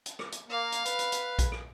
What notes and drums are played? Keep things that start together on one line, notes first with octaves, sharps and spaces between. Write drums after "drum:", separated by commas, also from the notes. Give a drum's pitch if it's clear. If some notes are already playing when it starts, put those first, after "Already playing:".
drum: hi-hat
drum: rim click
drum: hi-hat
A#3 F5
drum: hi-hat
B4, drum: hi-hat
drum: hi-hat
drum: hi-hat
drum: kick A#1, hi-hat
drum: rim click